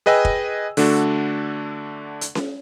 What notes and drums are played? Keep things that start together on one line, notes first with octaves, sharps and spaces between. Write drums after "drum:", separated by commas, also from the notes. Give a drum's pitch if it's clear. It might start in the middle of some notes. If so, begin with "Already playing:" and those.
G#4 B4 D#5 G5 G#5 E6
drum: kick
D3 A3 D4 F#4 A4, drum: open hi-hat
drum: hi-hat
drum: snare C#4